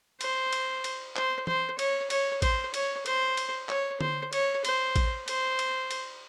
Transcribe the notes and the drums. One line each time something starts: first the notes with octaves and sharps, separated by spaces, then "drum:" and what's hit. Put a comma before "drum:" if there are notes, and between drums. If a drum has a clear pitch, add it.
C5, drum: cymbal
drum: cymbal
drum: cymbal
C5, drum: clap
C5, drum: tom E3
C#5, drum: cymbal
C#5, drum: cymbal
C5, drum: kick A1, cymbal
C#5, drum: cymbal
C5, drum: cymbal
drum: cymbal
C#5, drum: clap
C5, drum: tom D3
C#5, drum: cymbal
C5, drum: cymbal
drum: kick A1, cymbal
C5, drum: cymbal
drum: cymbal
drum: cymbal